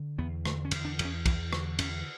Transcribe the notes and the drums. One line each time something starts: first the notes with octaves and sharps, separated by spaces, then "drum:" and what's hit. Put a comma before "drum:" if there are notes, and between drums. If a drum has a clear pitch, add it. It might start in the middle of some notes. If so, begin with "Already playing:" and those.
Already playing: D3
E2 B3
D3 A3, drum: rim click
C#4
E2, drum: cymbal
D4
E2, drum: cymbal
C#4
E2 E3, drum: kick, cymbal
D3, drum: rim click
E2 C#4, drum: cymbal